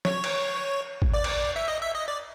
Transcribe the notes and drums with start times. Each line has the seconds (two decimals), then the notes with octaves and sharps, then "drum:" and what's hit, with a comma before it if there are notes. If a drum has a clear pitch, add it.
0.05 C#5, drum: snare
0.24 drum: cymbal
1.02 drum: kick
1.14 D5
1.24 drum: cymbal
1.56 E5
1.68 D#5
1.82 E5
1.95 D#5
2.08 D5